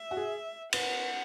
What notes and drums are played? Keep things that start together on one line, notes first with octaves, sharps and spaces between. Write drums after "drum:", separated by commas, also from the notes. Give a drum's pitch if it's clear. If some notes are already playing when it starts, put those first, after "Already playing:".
Already playing: E5
F#4
G#4
B4 F#5, drum: cymbal